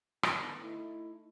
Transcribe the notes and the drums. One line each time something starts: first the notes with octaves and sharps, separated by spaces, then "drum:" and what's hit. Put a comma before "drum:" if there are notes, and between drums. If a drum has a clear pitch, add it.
D3 D#3 B3, drum: rim click
A3 D#4 E4